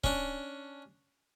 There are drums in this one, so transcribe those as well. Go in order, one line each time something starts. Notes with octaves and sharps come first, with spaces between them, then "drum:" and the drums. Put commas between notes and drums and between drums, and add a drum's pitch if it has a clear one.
C#4 D4, drum: kick